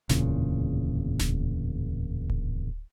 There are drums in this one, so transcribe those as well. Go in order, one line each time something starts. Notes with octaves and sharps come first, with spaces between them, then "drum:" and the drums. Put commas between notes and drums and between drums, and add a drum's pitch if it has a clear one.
D1 E2 A#2 C#3, drum: snare D1
drum: snare D1
drum: kick D1